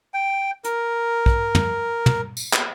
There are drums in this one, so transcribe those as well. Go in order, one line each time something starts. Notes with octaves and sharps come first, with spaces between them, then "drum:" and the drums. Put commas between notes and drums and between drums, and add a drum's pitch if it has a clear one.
G5
A#4, drum: hi-hat
drum: kick
drum: tom
drum: tom
drum: tambourine
drum: clap